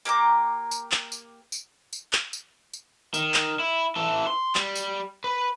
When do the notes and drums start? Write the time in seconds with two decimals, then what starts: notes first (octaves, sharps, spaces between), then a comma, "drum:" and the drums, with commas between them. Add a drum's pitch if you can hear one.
0.05 A#3 G4 A#5 D6
0.71 drum: tambourine
0.92 drum: clap
1.12 drum: tambourine
1.52 drum: tambourine
1.93 drum: tambourine
2.13 drum: clap
2.33 drum: tambourine
2.73 drum: tambourine
3.14 D#3, drum: tambourine
3.34 drum: clap
3.59 E4
3.96 E3 A4
4.27 C6
4.55 G3, drum: clap
4.76 drum: tambourine
5.24 B4